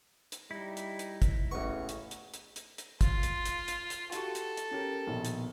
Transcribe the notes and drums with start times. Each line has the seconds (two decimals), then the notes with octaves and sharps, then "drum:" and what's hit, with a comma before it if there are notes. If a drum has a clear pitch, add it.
0.32 drum: hi-hat
0.51 G3 D#4 E4
0.77 drum: hi-hat
0.99 drum: hi-hat
1.22 drum: kick, hi-hat
1.51 A1 C#3 B3 C#6
1.89 drum: hi-hat
2.11 drum: hi-hat
2.34 drum: hi-hat
2.56 drum: hi-hat
2.78 drum: hi-hat
3.01 F4, drum: kick, hi-hat
3.23 drum: hi-hat
3.45 drum: hi-hat
3.68 drum: hi-hat
3.90 drum: hi-hat
4.12 F#4 G4 A4 C#6, drum: hi-hat
4.35 drum: hi-hat
4.57 drum: hi-hat
4.71 C#4 G4 A#4
5.07 A#1 B2 D#3
5.25 drum: hi-hat